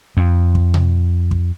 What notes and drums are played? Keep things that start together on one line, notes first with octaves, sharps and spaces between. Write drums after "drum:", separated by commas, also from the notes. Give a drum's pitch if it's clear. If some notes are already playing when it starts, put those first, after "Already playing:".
F2
drum: kick
drum: tom B2
drum: kick